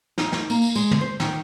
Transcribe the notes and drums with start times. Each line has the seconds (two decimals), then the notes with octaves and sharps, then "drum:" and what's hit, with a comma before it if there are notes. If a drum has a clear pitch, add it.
0.18 D#4, drum: snare
0.32 drum: snare
0.50 A#3, drum: tambourine
0.62 drum: tambourine
0.75 G#3, drum: tambourine
0.91 drum: tom
1.01 C5
1.20 D#3, drum: snare